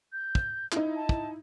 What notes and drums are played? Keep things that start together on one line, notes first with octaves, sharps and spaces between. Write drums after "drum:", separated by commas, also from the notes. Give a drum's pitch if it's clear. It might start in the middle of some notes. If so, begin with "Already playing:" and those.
G6
drum: kick
D#4 E4, drum: clap
A5
drum: kick